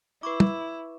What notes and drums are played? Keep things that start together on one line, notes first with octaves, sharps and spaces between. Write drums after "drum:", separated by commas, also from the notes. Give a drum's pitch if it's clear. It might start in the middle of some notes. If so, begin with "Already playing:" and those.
E4 B4 C#6 D6
drum: tom